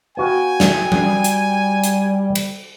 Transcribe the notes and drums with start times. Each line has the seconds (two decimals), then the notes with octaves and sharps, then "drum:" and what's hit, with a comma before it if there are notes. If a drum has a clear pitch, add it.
0.17 B3 F#4 F5 G5 G#5
0.60 drum: snare
0.92 G3, drum: tom
1.24 drum: hi-hat
1.84 drum: hi-hat
2.35 drum: cymbal